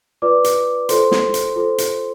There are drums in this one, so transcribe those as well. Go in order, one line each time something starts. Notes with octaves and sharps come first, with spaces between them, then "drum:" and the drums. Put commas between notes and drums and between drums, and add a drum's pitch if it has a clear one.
F4 B4 D5 D6
drum: hi-hat
F4 A4 C5 C6, drum: hi-hat
drum: snare
drum: hi-hat
F4 A4 C5
drum: hi-hat